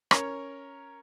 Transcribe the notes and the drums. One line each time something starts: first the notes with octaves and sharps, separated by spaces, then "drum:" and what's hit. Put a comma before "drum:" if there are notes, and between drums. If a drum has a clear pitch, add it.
C#4 A#4 C#5, drum: rim click